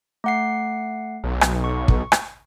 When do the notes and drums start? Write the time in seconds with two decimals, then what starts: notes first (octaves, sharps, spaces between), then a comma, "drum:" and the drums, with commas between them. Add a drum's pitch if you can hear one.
0.24 A3 F#5 C7
1.24 B1
1.41 drum: rim click
1.64 C#6
1.88 drum: kick
2.12 drum: rim click